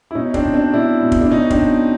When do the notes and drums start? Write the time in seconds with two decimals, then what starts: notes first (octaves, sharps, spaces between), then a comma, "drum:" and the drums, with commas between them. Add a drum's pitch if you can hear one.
0.11 E4
0.15 B2 C#4 D#4
0.34 C4 D4, drum: kick
0.45 B2
0.54 C4 D4
0.73 B2 D4 E4
1.02 B2
1.12 drum: kick
1.21 D4
1.31 B2 C#4 D#4
1.50 C4 D4, drum: kick
1.61 B2